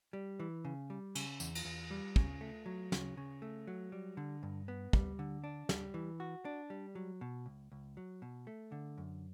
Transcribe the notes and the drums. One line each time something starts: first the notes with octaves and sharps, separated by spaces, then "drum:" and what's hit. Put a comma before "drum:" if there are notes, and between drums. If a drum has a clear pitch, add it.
G3
E3
C#3
G3
C#3, drum: cymbal
E2, drum: tambourine
drum: cymbal
E2
G3
C#3, drum: kick
A3
F#3
C#3, drum: snare
C#3
A3
F#3
G3
D3
G2
B3
G3, drum: kick
D3
D4
G3, drum: snare
E3
F#4
D4
G3
F#3
B2
C#2
C#2
F#3
B2
A3
D3
F#2